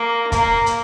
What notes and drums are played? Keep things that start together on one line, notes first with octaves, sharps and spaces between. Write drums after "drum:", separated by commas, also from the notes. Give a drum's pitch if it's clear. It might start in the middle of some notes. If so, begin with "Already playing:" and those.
Already playing: A#3
A#3, drum: kick, hi-hat
drum: hi-hat